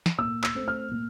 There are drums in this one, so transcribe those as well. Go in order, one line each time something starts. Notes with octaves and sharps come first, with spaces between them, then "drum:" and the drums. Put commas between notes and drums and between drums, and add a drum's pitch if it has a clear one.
drum: snare
A#2 E6
E6, drum: clap
A3 C4
F6
A#2